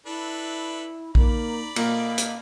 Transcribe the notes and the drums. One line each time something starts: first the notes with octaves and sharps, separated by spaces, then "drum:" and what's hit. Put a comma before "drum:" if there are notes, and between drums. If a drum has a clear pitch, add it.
D4 E4 A4 B4
A#3 D#4 D5 B5, drum: kick
A#2 D#5 F5, drum: cymbal
drum: hi-hat